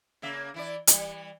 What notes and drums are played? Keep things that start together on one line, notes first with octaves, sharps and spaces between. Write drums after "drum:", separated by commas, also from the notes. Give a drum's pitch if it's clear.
C#3 A#3 E5
E3 E4 D5
E3 G3, drum: hi-hat